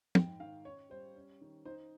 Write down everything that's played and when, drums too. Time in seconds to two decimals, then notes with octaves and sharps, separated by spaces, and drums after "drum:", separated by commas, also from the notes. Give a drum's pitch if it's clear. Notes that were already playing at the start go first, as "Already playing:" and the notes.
0.15 G#2 G5, drum: tom
0.40 D#3 F5
0.65 C#4 C#5
0.90 G3 C5
1.16 C#4
1.41 D#3
1.65 D#4 C5